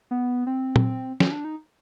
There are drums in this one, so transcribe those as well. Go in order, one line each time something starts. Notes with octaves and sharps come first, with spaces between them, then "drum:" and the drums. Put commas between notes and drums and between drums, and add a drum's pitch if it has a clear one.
B3
C4
drum: tom A#2
C#4, drum: snare
D4
D#4